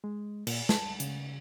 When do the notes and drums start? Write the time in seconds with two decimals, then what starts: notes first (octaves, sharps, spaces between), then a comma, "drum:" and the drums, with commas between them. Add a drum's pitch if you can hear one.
0.04 G#3
0.47 A#2, drum: cymbal
0.69 A5, drum: snare
1.00 C#3, drum: hi-hat